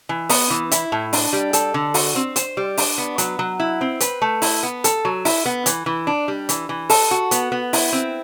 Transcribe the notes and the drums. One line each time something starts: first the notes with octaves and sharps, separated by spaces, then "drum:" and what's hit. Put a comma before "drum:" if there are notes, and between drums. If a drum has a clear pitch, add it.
E3
B3, drum: open hi-hat
E3
E4, drum: hi-hat
A2
D4, drum: open hi-hat
G3
A4, drum: hi-hat
D3
F#4, drum: open hi-hat
C4
C5, drum: hi-hat
G3
D4, drum: open hi-hat
B3
F#3, drum: hi-hat
F#3
E4
C4
B4, drum: hi-hat
A3
E4, drum: open hi-hat
B3
A4, drum: hi-hat
F#3
E4, drum: open hi-hat
B3
E3, drum: hi-hat
E3
D4
G3
E3, drum: hi-hat
E3
A4, drum: open hi-hat
F#4
B3, drum: hi-hat
B3
E4, drum: open hi-hat
C4